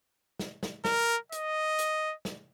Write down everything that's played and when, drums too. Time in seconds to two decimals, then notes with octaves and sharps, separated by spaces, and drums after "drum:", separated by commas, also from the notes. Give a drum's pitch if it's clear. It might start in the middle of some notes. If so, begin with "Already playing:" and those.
0.39 drum: snare
0.63 drum: snare
0.85 A#4, drum: snare
1.32 D#5, drum: hi-hat
1.79 drum: hi-hat
2.25 drum: snare